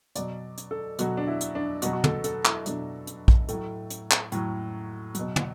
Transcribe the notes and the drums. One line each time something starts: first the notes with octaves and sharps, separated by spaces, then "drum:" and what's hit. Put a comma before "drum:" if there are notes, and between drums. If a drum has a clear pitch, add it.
B2 F#3 D5, drum: hi-hat
drum: hi-hat
A4
B2 F#3 F#4, drum: hi-hat
D4
E4
drum: hi-hat
D4
B2 F#3 F#4, drum: hi-hat
F#4
A4, drum: tom
A4, drum: hi-hat
E4, drum: clap
B2 F#3 D4, drum: hi-hat
drum: hi-hat
drum: kick A#1
A2 F#3 A3, drum: hi-hat
drum: hi-hat
drum: clap
A2 F#3, drum: hi-hat
B2 F#3, drum: hi-hat
drum: tom